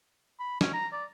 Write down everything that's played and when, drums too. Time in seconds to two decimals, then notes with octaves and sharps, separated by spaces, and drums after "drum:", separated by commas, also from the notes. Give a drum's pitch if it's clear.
0.39 B5
0.61 C#4, drum: snare
0.74 A#5
0.93 D5